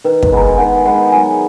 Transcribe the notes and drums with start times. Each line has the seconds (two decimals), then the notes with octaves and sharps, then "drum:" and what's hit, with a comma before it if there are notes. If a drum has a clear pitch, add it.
0.04 D#3 B4
0.23 drum: kick
0.32 G#3 B3 D#4 A#5
0.47 G#5
0.58 D#3 F#5
0.86 G#3 B3 D#4 F#5
1.12 F#3 G#5